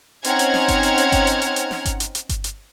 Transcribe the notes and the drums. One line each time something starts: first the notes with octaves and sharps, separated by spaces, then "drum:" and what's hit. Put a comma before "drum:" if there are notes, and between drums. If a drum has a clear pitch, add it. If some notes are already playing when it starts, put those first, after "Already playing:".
C4 C#4 D#4 F#5 F6 G#6, drum: hi-hat
drum: hi-hat
drum: snare
drum: kick G1, hi-hat
drum: hi-hat
drum: hi-hat
drum: kick G1, hi-hat
drum: hi-hat
drum: hi-hat
drum: hi-hat
drum: snare
drum: kick G1, hi-hat
drum: hi-hat
drum: hi-hat
drum: kick G1, hi-hat
drum: hi-hat